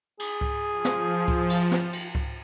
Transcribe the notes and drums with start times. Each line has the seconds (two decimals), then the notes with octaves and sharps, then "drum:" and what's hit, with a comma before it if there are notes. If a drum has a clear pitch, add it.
0.20 G#4, drum: cymbal
0.41 drum: kick C#2
0.71 F3
0.85 drum: snare
1.28 drum: kick C#2
1.50 drum: cymbal
1.71 drum: snare
1.93 drum: cymbal
2.15 drum: kick C#2